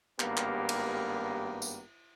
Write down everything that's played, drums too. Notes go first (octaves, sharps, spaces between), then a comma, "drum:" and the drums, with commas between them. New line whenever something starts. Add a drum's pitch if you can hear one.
G#1 G2 A#3 B3 G4 A#4, drum: clap
drum: clap
drum: cymbal
drum: tambourine